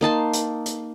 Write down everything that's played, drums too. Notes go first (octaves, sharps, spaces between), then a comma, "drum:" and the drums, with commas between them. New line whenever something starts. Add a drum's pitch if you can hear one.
A#3 D#4 A5 C6
drum: hi-hat
drum: hi-hat